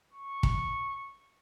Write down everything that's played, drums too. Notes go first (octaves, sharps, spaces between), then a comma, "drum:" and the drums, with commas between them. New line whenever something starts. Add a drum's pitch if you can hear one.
C#6
drum: kick